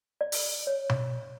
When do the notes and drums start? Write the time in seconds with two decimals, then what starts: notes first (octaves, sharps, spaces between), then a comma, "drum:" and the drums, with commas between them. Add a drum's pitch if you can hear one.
0.21 D5
0.32 drum: open hi-hat
0.67 C#5
0.89 drum: tom B2